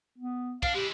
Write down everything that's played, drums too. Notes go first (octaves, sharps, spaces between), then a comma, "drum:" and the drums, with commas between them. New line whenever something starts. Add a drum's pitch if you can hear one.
B3
D4 F5, drum: kick
G#3 E4 G4